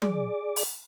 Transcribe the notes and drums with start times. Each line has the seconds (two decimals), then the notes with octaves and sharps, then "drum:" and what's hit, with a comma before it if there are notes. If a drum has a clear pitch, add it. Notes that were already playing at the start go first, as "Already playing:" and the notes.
0.02 G#4 D5 D6, drum: tom F#3
0.56 drum: open hi-hat